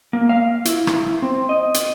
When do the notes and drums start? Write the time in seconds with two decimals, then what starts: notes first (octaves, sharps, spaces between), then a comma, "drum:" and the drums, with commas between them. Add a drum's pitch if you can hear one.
0.13 A#3
0.29 F5
0.65 E4, drum: hi-hat
0.87 drum: rim click
1.22 C4
1.49 D#5
1.74 drum: hi-hat